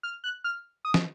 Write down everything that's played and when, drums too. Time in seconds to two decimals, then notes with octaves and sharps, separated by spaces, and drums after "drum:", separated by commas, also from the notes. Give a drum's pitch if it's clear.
0.03 F6
0.24 F#6
0.44 F6
0.85 D#6
0.94 drum: snare